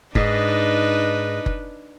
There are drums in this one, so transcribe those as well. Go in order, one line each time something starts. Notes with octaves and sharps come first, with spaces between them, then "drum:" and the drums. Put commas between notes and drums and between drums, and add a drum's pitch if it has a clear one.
G#2 D4 D#4 B4 D#5, drum: kick F#1
drum: kick F#1